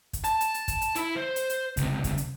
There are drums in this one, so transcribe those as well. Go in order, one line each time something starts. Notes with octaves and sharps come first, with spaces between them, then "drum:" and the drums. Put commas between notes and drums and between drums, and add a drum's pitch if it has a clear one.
drum: kick, hi-hat
A5, drum: hi-hat
drum: hi-hat
drum: hi-hat
drum: kick, hi-hat
drum: hi-hat
E4 B5, drum: hi-hat
C5
drum: hi-hat
drum: hi-hat
C#2 C3, drum: kick, hi-hat
drum: kick, hi-hat
drum: hi-hat